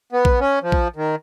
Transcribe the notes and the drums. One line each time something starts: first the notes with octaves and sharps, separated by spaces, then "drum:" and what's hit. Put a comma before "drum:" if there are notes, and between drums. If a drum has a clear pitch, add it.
B3
drum: kick A#1
C#4
F3
drum: kick A#1
D#3